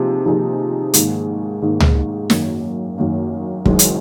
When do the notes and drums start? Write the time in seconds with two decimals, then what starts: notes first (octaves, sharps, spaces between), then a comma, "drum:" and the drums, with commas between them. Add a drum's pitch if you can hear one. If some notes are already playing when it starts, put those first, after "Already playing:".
Already playing: C3 F3 A#3 D#4 G#4
0.25 C3 F3 A#3 D#4 G#4
0.94 G#2 D#3 A#3, drum: hi-hat
1.62 G#2 D#3 A#3
1.80 drum: tom C#2
2.30 F#2 D#3 A#3, drum: snare
2.98 F#2 D#3 A#3
3.66 F#1 F#2 D#3 G#3, drum: kick
3.79 drum: hi-hat